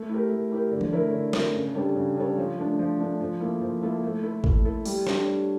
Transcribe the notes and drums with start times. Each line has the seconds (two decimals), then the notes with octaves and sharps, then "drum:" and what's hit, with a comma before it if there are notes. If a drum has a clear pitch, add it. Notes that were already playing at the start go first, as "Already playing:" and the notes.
Already playing: A3
0.09 E4 G4 A#4
0.31 A3
0.51 E4 G4 A#4
0.71 D3
0.81 drum: tom E3
0.92 A3 E4 A#4 C#5
1.13 D3
1.33 A3 E4 A#4 C#5, drum: snare
1.54 C#3
1.75 G3 D4 A4 C#5
1.96 C#3
2.16 G3 D4 A4 C#5
2.38 F3
2.58 A3 D4
2.79 F3
2.99 A3 D4
3.20 F3
3.40 A#3 E4 A4
3.61 F3
3.81 A#3 E4 A4
4.03 A3
4.23 E4 A4
4.44 A3, drum: kick
4.65 E4 A4
4.85 G3, drum: open hi-hat
5.07 D4 A4 C#5, drum: snare
5.27 G3